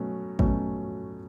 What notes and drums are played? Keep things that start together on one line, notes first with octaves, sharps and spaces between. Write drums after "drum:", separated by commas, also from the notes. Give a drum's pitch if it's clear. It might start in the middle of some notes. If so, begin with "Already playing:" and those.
Already playing: B2 F#3 A3 C#4
B2 F#3 A3 C#4, drum: kick A1